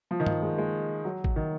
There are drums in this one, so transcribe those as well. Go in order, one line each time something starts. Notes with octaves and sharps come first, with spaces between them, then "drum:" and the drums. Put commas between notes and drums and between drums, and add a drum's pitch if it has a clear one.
F3
D#3
F3, drum: tom G2
G#3
G#3
F#3
drum: kick A1
D#3